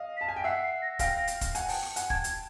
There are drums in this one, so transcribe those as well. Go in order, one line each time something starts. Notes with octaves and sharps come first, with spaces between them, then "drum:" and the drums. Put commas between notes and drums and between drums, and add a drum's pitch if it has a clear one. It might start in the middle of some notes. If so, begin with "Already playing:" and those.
Already playing: D#5 F5
B6
A5
G#5
G5
E5 F#5 C7
C7
A#6
F5 G5 A#6, drum: kick, hi-hat
drum: hi-hat
drum: kick, hi-hat
F#5 G#5, drum: hi-hat
G5 A5, drum: open hi-hat
drum: rim click
F#5 G#5, drum: hi-hat
G5 A5 G#6, drum: kick
drum: hi-hat